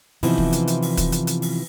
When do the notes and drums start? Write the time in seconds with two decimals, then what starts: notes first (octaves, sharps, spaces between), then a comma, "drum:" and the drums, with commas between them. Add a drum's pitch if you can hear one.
0.23 C3 E3 F3 B3 D#4 E4, drum: open hi-hat
0.38 drum: kick
0.53 drum: hi-hat
0.68 drum: hi-hat
0.83 drum: open hi-hat
0.97 drum: kick, hi-hat
1.12 drum: hi-hat
1.27 drum: hi-hat
1.42 drum: open hi-hat